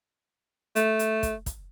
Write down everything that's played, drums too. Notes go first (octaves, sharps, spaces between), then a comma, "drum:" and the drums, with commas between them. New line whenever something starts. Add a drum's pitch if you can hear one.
A3, drum: hi-hat
drum: hi-hat
drum: kick, hi-hat
drum: kick, hi-hat